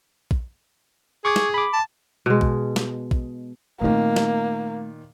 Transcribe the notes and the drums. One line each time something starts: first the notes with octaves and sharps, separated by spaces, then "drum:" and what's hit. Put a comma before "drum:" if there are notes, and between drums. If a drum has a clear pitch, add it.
drum: kick A#1
G#4 C#6 D6 G#6
drum: snare
B5 D6
A5
B2 G#3
drum: kick A#1
drum: snare
drum: kick A#1
A#2 D#3 A3 A#3 C4
drum: snare